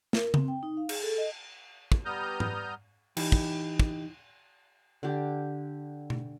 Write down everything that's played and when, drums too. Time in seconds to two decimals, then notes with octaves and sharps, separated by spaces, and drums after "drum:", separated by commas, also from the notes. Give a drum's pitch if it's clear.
0.13 A#4, drum: snare
0.34 C4, drum: tom C#3
0.48 G5
0.63 D#4
0.77 F5
0.89 G#4, drum: cymbal
1.03 A4
1.18 D#5
1.92 drum: kick
2.05 G3 B3 A#5 D#6 F6 G6
2.40 drum: tom G#2
3.17 E3 D#4 G4, drum: cymbal
3.32 drum: kick
3.80 drum: kick
5.03 D3 G4
6.10 drum: tom B2